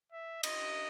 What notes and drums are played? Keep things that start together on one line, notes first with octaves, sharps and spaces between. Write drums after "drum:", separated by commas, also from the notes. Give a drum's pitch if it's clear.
E5
D#5, drum: cymbal